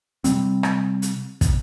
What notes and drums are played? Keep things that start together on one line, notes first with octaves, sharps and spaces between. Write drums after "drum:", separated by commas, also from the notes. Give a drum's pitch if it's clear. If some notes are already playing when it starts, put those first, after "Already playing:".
C3 G3 C4, drum: hi-hat
drum: rim click
drum: hi-hat
drum: kick, hi-hat